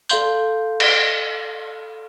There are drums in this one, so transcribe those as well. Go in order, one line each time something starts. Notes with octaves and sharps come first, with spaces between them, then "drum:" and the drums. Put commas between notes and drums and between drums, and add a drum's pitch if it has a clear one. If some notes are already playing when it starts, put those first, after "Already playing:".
A4 D5 F5 C6 G6, drum: tambourine
drum: cymbal